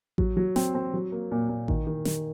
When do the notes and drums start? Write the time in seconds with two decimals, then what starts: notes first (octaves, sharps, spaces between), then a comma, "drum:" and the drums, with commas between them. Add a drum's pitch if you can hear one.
0.18 F#3, drum: kick A1
0.37 F#3
0.56 C4, drum: snare
0.75 C4
0.94 F#3
1.12 A#3
1.31 A#2
1.49 A#2
1.68 D#3, drum: kick A1
1.87 D#3
2.05 D#3, drum: snare